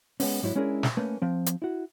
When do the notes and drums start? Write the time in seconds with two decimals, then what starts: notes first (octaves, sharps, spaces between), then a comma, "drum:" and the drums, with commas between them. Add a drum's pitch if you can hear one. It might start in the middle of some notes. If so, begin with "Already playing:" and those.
0.20 G#3 A3 B3 C#4, drum: open hi-hat
0.43 G#2 F#3 E4
0.55 G#3 C#4 D4 E4 G#4 A#4
0.83 drum: snare
0.97 A3 A#3 C#4 B4
1.22 F3 C4
1.46 drum: hi-hat
1.62 E4 F#4